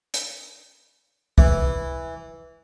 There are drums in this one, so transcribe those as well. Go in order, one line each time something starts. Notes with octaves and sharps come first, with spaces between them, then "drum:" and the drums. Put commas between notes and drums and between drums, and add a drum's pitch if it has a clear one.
drum: hi-hat
E3, drum: kick